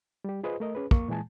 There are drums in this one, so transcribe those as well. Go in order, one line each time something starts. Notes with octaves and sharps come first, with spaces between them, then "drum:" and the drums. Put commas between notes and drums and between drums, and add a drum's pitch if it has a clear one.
G3 G4
F4 G#4 B4 C5 D#5
A3 A#4 D#5
C#4 G#4 B4
F2 A#3 C#6, drum: kick
A#2 E3 G#3 G#5 A5